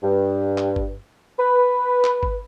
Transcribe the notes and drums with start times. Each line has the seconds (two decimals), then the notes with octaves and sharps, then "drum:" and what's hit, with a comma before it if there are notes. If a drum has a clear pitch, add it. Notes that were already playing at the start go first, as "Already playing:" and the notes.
0.03 G2
0.58 drum: clap
0.76 drum: kick G1
1.39 B4
2.04 drum: clap
2.23 drum: kick G1